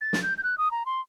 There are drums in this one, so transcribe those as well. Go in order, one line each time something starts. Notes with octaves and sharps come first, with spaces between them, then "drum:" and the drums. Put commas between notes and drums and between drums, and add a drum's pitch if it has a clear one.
A6
drum: snare
G6
G6
F#6
D#6
A#5
C6